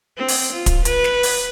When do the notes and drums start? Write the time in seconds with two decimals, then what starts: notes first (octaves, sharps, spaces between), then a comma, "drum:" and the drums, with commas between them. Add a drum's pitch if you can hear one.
0.17 C4
0.28 drum: open hi-hat
0.53 F4
0.66 drum: kick, hi-hat
0.85 B4, drum: hi-hat
1.04 drum: snare
1.23 drum: open hi-hat